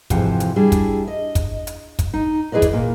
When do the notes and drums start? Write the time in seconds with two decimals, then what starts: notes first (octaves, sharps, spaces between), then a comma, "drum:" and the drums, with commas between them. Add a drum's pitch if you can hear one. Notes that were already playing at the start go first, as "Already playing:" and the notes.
0.10 F2 G#2 C3 E3 F3, drum: kick, hi-hat
0.40 drum: hi-hat
0.56 G3 D4 E4 G#4
0.72 drum: kick, hi-hat
1.08 D#5
1.35 drum: kick, hi-hat
1.67 drum: hi-hat
1.99 drum: kick, hi-hat
2.14 D#4
2.52 E3 E4 G#4 B4 D5 D#5
2.62 drum: kick, hi-hat
2.73 A#2 A#3